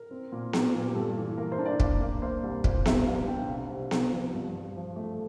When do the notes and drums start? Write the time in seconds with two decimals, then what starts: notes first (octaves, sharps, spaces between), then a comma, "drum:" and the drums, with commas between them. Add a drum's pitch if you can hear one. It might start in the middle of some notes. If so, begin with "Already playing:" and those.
Already playing: A#4
0.11 C4
0.32 A#2
0.53 A#2, drum: snare B3
0.74 A#2
0.87 G4
0.95 G2 A4
1.16 E3
1.37 A#3 A#4
1.52 C5
1.58 D4
1.65 D5
1.80 A#3 D5, drum: kick
2.01 A#3
2.22 A#3 C5
2.43 C2
2.64 A#2 C5, drum: kick
2.86 C2 E5, drum: snare B3
3.06 C2 F5
3.27 D4 G5
3.49 C3 F5
3.70 C3 C5
3.91 C3, drum: snare B3
4.12 F3
4.34 G2
4.54 G2
4.76 F3
4.96 A3